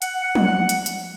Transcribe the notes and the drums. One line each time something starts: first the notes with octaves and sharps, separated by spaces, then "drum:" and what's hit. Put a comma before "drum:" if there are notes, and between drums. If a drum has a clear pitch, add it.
F#5, drum: hi-hat
F#5
drum: tom F3
F#5
drum: hi-hat
drum: hi-hat